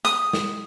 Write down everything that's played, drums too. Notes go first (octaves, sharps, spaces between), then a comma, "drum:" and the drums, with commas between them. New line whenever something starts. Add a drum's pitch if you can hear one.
D#6, drum: hi-hat
drum: snare